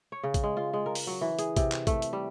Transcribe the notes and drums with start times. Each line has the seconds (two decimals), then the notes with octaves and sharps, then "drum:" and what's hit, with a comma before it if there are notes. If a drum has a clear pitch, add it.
0.12 C#5
0.23 C#3
0.34 drum: kick, hi-hat
0.43 G#3
0.57 F4
0.73 G#3
0.86 A#4
0.95 drum: open hi-hat
1.07 F#3
1.21 E3
1.39 G#4, drum: hi-hat
1.56 C3, drum: kick, hi-hat
1.72 drum: clap
1.87 A3, drum: kick, hi-hat
2.02 drum: hi-hat
2.13 G3